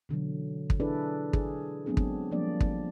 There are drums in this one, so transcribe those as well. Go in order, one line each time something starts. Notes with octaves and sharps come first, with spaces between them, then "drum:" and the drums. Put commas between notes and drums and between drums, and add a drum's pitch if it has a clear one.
B2 D3 E3 F#3
drum: kick
D4 E4 G#4 A4 B4 D5
G#4, drum: kick
F#3 G#3 B3 C4 D4 G#4
drum: kick
F3 G3 A#3 D4 D5
drum: kick